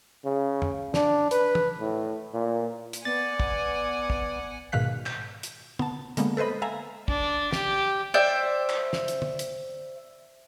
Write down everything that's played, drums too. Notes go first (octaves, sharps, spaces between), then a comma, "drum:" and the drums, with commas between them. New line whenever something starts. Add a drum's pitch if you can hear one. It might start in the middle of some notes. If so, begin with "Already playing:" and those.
C#3
drum: tom
D4, drum: snare
B4, drum: hi-hat
drum: tom
A2
A#2
drum: hi-hat
B3 D5 F#5 G#5 A6
drum: kick
drum: kick
G#2 B2 D#3 F5 F#6 B6
G6, drum: clap
drum: hi-hat
B3 A5, drum: tom
D3 G#3 A#3 B3, drum: hi-hat
A4 B4 C5 D#5 B5
A4 E5 F5 G#5 A#5
D4, drum: kick
G4, drum: snare
C5 D5 E5 G5
drum: clap
drum: snare
drum: hi-hat
drum: tom
drum: hi-hat